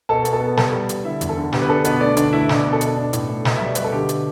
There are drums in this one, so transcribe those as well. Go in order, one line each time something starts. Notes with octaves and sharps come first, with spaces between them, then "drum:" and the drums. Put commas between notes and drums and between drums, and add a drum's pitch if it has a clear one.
B2 A4 A5
B3, drum: hi-hat
A4 A5
B3
G3 A4 A5, drum: snare
G3
G3, drum: hi-hat
D3 E4 E5
E2, drum: hi-hat
A4
D3
B3 G4, drum: snare
B4
D4 A4
B2 B3 B4, drum: hi-hat
A3 D4 D5
D3 D4 D5, drum: hi-hat
A3 E4 E5
B2 D4 D5, drum: snare
B3
A4
B2, drum: hi-hat
D4
A2, drum: hi-hat
A3
B2, drum: snare
E5
G3 D5
B2 B4, drum: hi-hat
A4
D3 G4
drum: hi-hat